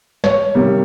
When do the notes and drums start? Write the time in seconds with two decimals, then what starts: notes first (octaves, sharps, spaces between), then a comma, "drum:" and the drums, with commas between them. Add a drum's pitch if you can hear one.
0.24 C#5, drum: snare
0.55 C3 D#3 G3 A#3